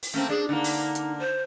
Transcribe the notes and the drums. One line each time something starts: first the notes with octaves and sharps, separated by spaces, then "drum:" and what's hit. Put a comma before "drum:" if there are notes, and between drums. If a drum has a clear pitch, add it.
drum: open hi-hat
A3 A#3 C4 C#4
D4 G#4
D3 A#3 D#4
drum: open hi-hat
drum: hi-hat
C5